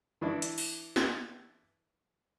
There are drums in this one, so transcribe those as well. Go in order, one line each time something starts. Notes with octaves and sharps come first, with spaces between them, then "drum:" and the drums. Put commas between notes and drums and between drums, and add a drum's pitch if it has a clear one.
E3 D4 E4
drum: hi-hat
drum: open hi-hat
drum: snare